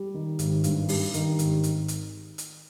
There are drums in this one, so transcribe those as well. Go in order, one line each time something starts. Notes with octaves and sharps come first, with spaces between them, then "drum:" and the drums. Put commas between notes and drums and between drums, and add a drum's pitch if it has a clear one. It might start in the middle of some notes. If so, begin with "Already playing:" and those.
Already playing: G3
D#3
G#1, drum: hi-hat
G2, drum: hi-hat
G3, drum: open hi-hat
D#3, drum: hi-hat
G#1, drum: hi-hat
drum: hi-hat
drum: hi-hat
drum: hi-hat